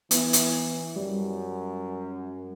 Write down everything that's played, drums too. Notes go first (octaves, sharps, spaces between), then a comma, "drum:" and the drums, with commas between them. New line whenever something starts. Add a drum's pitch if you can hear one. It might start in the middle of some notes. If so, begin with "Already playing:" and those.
E3 B3 E4, drum: hi-hat
drum: hi-hat
F#2 G3